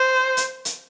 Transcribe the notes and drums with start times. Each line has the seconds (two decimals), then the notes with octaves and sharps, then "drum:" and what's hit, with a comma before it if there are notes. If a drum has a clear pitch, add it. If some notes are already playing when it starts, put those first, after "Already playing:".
Already playing: C5
0.37 drum: hi-hat
0.65 drum: hi-hat